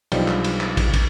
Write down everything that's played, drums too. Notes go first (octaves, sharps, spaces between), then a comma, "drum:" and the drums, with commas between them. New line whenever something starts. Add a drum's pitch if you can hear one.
B1 F3 G3 D4 D#4 G5, drum: cymbal
drum: clap
drum: cymbal
drum: clap
drum: kick, cymbal
drum: kick, cymbal